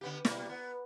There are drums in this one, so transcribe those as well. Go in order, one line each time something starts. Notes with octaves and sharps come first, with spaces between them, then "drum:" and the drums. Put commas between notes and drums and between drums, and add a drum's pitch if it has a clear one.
D3 B3 G4
B2 G3 A#3, drum: snare
B3